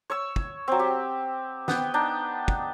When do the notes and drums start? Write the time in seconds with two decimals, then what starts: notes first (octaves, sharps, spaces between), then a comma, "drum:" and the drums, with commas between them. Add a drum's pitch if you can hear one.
0.10 C#5 C#6 E6
0.36 drum: kick
0.68 F#3 C4
0.79 G4
1.68 B3 G5, drum: snare
1.94 D4 D#4 G5
2.48 drum: kick